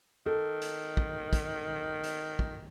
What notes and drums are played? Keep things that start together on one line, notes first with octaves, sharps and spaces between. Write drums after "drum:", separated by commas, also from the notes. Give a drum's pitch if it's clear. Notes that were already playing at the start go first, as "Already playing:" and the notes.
D#3 A4
drum: hi-hat
drum: kick
drum: kick, hi-hat
drum: hi-hat
drum: kick